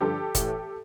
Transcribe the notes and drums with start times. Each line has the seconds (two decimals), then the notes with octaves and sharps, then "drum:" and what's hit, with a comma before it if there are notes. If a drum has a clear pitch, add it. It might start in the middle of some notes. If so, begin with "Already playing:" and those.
0.01 G2 D3 F3 G4 A4
0.35 A2 E3, drum: kick F1, hi-hat